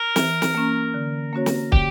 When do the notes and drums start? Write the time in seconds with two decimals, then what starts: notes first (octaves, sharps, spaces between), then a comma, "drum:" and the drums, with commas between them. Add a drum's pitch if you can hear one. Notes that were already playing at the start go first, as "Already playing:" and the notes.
Already playing: A#4
0.16 E3, drum: snare
0.42 drum: snare
0.55 A#3 C#4
0.94 D3
1.33 A#3 C#4 F#4 C#5
1.46 drum: snare
1.72 D3 G4, drum: kick